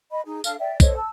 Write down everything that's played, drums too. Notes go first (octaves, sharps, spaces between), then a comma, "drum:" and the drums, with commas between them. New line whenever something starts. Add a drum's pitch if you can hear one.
D#5 B5
D#4 G#4
D4 A4 F5 F6, drum: tambourine
D5 E5 G5
A4 C5 C#5 D#5, drum: kick B1, tambourine
A5 E6